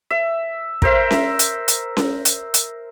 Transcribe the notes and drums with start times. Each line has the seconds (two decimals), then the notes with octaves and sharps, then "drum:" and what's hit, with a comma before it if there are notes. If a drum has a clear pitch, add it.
0.10 E5
0.82 A#4 C5 E5, drum: kick
1.11 drum: snare C#4
1.39 drum: hi-hat
1.68 drum: hi-hat
1.97 drum: snare C#4
2.25 drum: hi-hat
2.54 drum: hi-hat